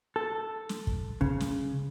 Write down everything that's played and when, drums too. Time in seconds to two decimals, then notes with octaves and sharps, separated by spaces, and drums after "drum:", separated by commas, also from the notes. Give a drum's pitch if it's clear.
0.16 A4
0.69 drum: snare
0.87 drum: kick
1.21 C#3, drum: kick
1.40 drum: snare